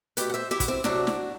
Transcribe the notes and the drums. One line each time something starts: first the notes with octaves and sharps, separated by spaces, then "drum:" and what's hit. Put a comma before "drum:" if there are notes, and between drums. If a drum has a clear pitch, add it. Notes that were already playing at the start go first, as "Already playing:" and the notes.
B2 A3 G4 B4, drum: hi-hat
F#5
C5 E5
E4 G4
F#4, drum: kick, hi-hat
C4 E4
D2 C3 F#3 D4 F#4, drum: snare
drum: snare